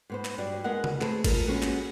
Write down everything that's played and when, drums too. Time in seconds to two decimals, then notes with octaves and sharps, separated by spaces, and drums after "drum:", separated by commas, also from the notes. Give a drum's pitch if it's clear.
0.10 G#2 B3 C5
0.25 drum: clap
0.38 G2 F#3 D5
0.64 G#3 B3 A#4 D#5 F#5
0.84 drum: tom C#3
1.01 A3 C4 G#4 A4 B4 A5, drum: clap
1.24 F3 F#3 A4 A#4, drum: kick G#1, cymbal
1.47 G#3 A#3 B3 C#4 F#4
1.63 drum: clap